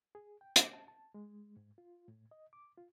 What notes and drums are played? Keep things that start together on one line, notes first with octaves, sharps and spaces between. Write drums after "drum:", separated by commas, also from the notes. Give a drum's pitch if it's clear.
G#4
G5
D6, drum: hi-hat
A5
A5
G#3
G#2
F4
A2
D#5
D6
F4